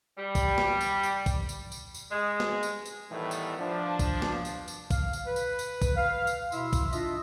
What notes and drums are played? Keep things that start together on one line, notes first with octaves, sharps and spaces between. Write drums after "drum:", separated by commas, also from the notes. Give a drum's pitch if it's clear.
G3
drum: kick, tambourine
drum: snare
drum: tambourine
drum: tambourine
drum: kick, tambourine
drum: tambourine
drum: tambourine
drum: tambourine
G#3
drum: snare
drum: tambourine
drum: tambourine
A2 D#3 E3 G3 A3 B3
drum: tambourine
F3 D4
drum: kick, tambourine
drum: snare
drum: tambourine
drum: tambourine
F5, drum: kick, tambourine
drum: tambourine
B4
drum: tambourine
drum: tambourine
drum: kick, tambourine
F5
drum: tambourine
B2 E4 E5 C6, drum: tambourine
drum: kick, tambourine
D4 F4 D#5 E5, drum: tambourine